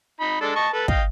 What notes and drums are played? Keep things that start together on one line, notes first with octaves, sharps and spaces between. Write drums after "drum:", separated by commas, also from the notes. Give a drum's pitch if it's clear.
D#4 B5
G#3 D4 A4
D#5 A5 C#6
A4 B4
D#5 F5 G5, drum: kick